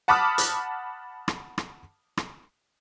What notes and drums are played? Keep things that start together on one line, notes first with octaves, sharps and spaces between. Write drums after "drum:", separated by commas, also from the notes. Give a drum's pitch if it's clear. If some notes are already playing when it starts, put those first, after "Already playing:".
F#5 A5 B5 D6 D#6 F6
drum: hi-hat
drum: rim click
drum: rim click
drum: rim click